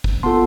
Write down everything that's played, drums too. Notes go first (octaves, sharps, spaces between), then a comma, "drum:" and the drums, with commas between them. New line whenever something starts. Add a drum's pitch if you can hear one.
drum: kick
B3 F4 A4 A5 C6